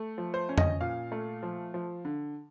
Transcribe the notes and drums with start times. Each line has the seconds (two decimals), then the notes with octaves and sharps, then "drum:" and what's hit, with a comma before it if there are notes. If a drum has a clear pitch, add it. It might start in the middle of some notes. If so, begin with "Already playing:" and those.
Already playing: A3
0.18 F3
0.34 C5
0.49 C#4
0.58 D#5, drum: tom F2
0.81 A#2 F5
1.12 A3
1.43 F3
1.74 F3
2.05 D3